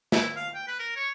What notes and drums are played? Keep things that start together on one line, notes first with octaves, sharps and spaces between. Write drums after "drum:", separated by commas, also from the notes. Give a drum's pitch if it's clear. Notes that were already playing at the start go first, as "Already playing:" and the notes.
E4, drum: snare
F5
G5
B4
A#4
C#5